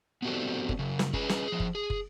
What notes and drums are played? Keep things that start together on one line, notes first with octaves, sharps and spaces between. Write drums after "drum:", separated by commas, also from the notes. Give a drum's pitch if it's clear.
B3 C4 D4 F#4 G4 A4
drum: kick
C#3 F#3
drum: snare
C#4 G#4 B4, drum: kick
drum: snare
F3 G#4
drum: kick
G#4
drum: kick